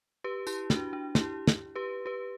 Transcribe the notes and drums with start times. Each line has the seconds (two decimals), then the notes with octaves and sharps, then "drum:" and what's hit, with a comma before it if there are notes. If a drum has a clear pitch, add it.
0.24 G4 B4
0.47 E4 G4, drum: tambourine
0.70 D4 F#4, drum: snare
0.93 D4
1.15 E4 G4, drum: snare
1.48 drum: snare
1.76 G4 B4
2.06 G4 B4